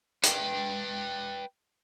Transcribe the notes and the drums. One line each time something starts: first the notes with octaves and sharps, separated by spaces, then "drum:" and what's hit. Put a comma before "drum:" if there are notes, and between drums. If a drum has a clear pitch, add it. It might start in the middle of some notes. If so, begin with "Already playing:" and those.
B4 G5, drum: hi-hat